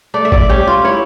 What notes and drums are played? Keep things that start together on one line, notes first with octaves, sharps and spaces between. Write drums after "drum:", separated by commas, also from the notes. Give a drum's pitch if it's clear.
A3 D5
E5
D5, drum: kick
C#4 G4
F4
E4 C#5